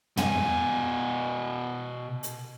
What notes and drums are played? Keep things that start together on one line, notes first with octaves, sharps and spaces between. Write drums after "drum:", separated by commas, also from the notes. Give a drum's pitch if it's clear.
B2 G#5, drum: tom
drum: hi-hat